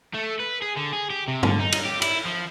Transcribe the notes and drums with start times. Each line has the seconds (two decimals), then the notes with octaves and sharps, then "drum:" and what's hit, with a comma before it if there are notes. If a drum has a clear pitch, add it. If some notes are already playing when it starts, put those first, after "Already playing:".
0.14 A3
0.39 B4
0.62 G#4
0.76 D3
0.93 G#4
1.10 G4
1.28 C3
1.43 D3, drum: tom G2
1.59 D#4
1.72 drum: cymbal
1.85 G4
2.02 E4, drum: cymbal
2.25 F3